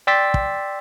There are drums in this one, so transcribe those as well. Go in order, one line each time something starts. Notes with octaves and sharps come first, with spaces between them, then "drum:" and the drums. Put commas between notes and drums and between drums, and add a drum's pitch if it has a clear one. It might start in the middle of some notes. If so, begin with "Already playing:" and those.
D5 G5 C6 E6 A6 B6
drum: kick